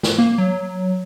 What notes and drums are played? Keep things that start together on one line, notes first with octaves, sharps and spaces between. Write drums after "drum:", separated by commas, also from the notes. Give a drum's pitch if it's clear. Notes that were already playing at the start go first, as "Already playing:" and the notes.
drum: snare
A#3
F#3